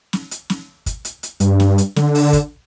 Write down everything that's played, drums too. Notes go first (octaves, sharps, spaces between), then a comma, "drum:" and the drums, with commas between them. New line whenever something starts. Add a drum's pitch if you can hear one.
drum: snare
drum: hi-hat
drum: snare
drum: kick, hi-hat
drum: hi-hat
drum: hi-hat
G2, drum: hi-hat
drum: snare
drum: hi-hat
D3, drum: snare
drum: open hi-hat
drum: kick, hi-hat